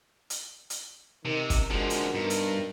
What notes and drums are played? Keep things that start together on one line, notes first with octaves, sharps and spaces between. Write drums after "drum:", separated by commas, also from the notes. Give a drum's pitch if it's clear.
drum: hi-hat
drum: hi-hat
C3 D#3
drum: kick, hi-hat
D3 F3 G#3 F#4 A#4
drum: hi-hat
G2 B2 D#4 A#4
drum: hi-hat